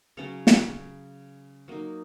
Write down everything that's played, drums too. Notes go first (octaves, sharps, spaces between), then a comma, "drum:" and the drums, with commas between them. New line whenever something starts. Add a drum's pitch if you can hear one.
C#3 F#3 C#4 C#5
drum: snare
F#3 A#3 D#4